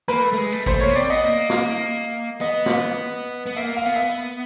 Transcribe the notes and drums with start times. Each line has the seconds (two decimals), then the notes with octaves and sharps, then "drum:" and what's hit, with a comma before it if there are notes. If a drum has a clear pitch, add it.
0.08 A#3 B4
0.23 A3
0.33 A3
0.38 G#3
0.52 A3
0.66 A3 C5, drum: kick G#1
0.81 A#3 C#5
0.90 B3
0.96 C4 D5
1.10 B3 D#5
1.25 A#3
1.50 drum: snare
2.41 B3 D#5
2.66 drum: snare
3.46 B3
3.56 A#3 E5
3.76 F5
3.86 B3
3.96 E5